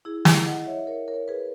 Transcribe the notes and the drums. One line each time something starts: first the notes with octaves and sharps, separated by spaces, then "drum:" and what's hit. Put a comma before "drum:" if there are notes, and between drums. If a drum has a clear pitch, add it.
E4 G#4
E4 G#4, drum: snare
D#5 F#5
C#5 E5
A#4 C#5
A#4 C#5
G#4 B4